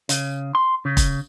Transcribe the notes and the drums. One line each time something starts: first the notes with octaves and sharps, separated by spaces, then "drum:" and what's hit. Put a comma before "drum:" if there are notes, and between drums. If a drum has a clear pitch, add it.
C#3, drum: hi-hat
C6
C#3
drum: kick, hi-hat